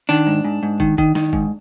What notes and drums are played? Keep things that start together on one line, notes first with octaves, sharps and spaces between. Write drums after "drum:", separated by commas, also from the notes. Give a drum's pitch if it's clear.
D#3 D4
G#2
G#2
G#2
D#3, drum: kick
D#3, drum: kick
D#3, drum: snare
G#2, drum: kick